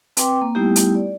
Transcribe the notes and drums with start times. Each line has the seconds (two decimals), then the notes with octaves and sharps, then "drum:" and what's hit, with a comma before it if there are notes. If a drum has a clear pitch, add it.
0.17 C4 B4 G5 C6 D6, drum: hi-hat
0.41 A#3
0.55 G3 A3 B3 D#4 E4 G4
0.76 drum: hi-hat
0.95 D5